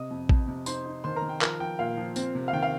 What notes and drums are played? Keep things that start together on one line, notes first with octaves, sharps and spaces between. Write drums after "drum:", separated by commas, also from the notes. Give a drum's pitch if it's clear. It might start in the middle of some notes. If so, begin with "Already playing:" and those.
Already playing: C3 D#5 D#6
F2
F2, drum: kick A1
C3
D#4 C5 C6, drum: tambourine
D#4
D#3 C5 C6
A#4 A#5
D#3
G5
F3 A#4 A#5, drum: clap
F3 G5
A#2 F5
F3
C4, drum: tambourine
C3
F5
D#3 G5
F5